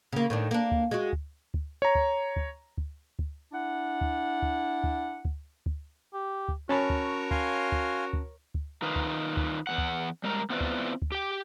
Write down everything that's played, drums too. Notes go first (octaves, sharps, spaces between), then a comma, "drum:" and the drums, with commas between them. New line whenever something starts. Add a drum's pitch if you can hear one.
C#3 A#3
A2 D#3 D4
A#3 D4
drum: kick D2
G#3 F#4
drum: kick D2
drum: kick D2
C#5 A#5
drum: kick D2
drum: kick D2
drum: kick D2
drum: kick D2
D4 E4 F#5
drum: kick D2
drum: kick D2
drum: kick D2
drum: kick D2
drum: kick D2
G4
drum: kick D2
C#4 F#4 A#4 C#5 A5 B5
drum: kick D2
F5 G#5 C6, drum: kick D2
drum: kick D2
drum: kick D2
drum: kick D2
D#3 D#4 F4 B4
drum: kick D2
drum: kick D2
E2 G#2 F#5
drum: kick D2
G3 G#3 A#4 A#5
B3 C4 E4 F4 B4 D5
drum: kick D2
drum: kick D2
G4 G5